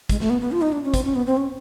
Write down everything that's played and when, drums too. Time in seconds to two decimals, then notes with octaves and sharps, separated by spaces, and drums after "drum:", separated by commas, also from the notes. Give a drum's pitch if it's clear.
0.09 G#3, drum: kick, hi-hat
0.20 A3, drum: snare
0.30 B3
0.41 B3
0.52 F4
0.62 D#4
0.72 D4
0.84 C#4
0.94 C4, drum: kick, hi-hat
1.05 C#4
1.15 B3
1.27 C4
1.37 C#4